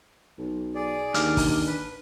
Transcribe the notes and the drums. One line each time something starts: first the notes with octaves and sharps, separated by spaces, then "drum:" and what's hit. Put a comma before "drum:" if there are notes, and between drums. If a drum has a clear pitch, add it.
B1
G#4 D5
D#2 D4 D6 F6, drum: hi-hat
drum: kick, open hi-hat
B4